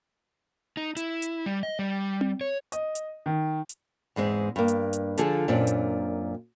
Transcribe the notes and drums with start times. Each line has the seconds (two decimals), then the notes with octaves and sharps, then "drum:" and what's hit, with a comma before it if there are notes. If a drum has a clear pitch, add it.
0.77 D#4
0.97 E4, drum: hi-hat
1.22 drum: hi-hat
1.46 G3
1.63 D#5
1.79 G3
2.21 drum: tom C4
2.41 C#5
2.72 D#5, drum: hi-hat
2.95 drum: hi-hat
3.26 D#3
3.69 drum: hi-hat
4.16 E2 G#2 G#3 C4
4.56 G2 A#3
4.68 drum: hi-hat
4.93 drum: hi-hat
5.18 D3 F3 F4 G#4 A4, drum: hi-hat
5.48 F#2 A#2 C4 D4
5.67 drum: hi-hat